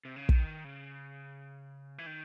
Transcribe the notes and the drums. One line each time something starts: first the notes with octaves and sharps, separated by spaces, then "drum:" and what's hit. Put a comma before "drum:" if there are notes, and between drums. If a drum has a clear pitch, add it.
C3
C#3
D#3, drum: kick
C#3
E3
D#3